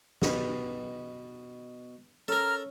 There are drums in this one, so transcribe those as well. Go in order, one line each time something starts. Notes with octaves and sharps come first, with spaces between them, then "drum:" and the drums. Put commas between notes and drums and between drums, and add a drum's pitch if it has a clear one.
B2 G4 B4, drum: snare
C#4 A4 A#4 A#5 F6